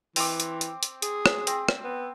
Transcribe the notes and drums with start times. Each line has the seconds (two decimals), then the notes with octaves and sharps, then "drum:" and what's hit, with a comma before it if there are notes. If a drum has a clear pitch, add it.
0.16 E3 C4 D6, drum: open hi-hat
0.40 drum: hi-hat
0.61 drum: hi-hat
0.83 drum: hi-hat
1.02 G#4, drum: hi-hat
1.26 drum: rim click
1.47 C4, drum: hi-hat
1.69 drum: rim click
1.84 B3